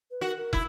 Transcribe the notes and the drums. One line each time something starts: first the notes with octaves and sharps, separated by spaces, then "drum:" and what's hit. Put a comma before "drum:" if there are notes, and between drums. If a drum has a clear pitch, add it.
B4
F#4 A#4
A#4
E4, drum: kick